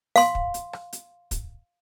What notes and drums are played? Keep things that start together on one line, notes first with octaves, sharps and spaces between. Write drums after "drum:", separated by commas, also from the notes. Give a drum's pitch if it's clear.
F5 C6, drum: open hi-hat
drum: kick
drum: hi-hat
drum: rim click
drum: hi-hat
drum: kick, hi-hat